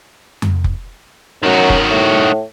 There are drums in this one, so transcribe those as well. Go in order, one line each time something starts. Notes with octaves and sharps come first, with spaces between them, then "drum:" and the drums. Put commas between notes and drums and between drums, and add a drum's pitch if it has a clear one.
drum: tom F2
drum: kick F1
F#2 D#3 F#4
drum: kick F1
A2